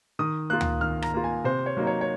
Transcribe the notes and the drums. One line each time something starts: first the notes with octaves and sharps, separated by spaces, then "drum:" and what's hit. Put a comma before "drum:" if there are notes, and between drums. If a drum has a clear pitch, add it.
D#3 D#6
A#3 F4 F#6
drum: tom D2
D#3 F6
A#5, drum: rim click
A#3 F4
G#5
C3 C5
C#5
F#3 A#3 D#4
C#5
C#5